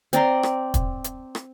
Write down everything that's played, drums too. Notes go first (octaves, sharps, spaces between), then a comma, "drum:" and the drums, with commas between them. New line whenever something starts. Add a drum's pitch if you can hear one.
C4 D5 A#5 C6, drum: hi-hat
drum: rim click
drum: kick, hi-hat
drum: hi-hat
drum: rim click